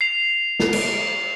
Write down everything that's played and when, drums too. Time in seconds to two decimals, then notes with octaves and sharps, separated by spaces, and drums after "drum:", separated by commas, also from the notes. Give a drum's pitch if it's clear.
0.01 C7 F7
0.60 drum: snare
0.73 drum: cymbal